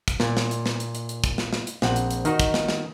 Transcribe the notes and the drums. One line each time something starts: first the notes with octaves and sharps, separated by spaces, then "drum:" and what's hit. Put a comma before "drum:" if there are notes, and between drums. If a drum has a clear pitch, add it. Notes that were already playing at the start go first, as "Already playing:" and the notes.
drum: kick, hi-hat
A#2, drum: snare
drum: snare
drum: hi-hat
drum: snare
drum: hi-hat
drum: hi-hat
drum: hi-hat
drum: kick, hi-hat
drum: snare
drum: snare
drum: hi-hat
A#1 C4 F#5, drum: snare
drum: hi-hat
drum: hi-hat
D#3 D#4 F#4, drum: hi-hat
drum: kick, hi-hat
drum: snare
drum: snare